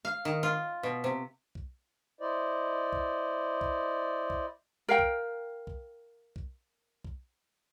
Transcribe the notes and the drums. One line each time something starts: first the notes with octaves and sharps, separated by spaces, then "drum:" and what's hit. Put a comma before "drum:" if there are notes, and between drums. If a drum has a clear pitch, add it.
F5
D#3
F4
B2
C3
drum: kick B1
E4 C5 D5 D#5
drum: kick B1
drum: kick B1
drum: kick B1
A#4 F5 G5
drum: kick B1
drum: kick B1
drum: kick B1
drum: kick B1